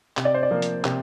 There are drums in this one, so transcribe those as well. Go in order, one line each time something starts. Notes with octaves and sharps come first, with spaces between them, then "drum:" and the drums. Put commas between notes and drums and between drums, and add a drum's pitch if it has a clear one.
C3, drum: clap
D5
C5
D5
F3 A#3
drum: hi-hat
C3, drum: clap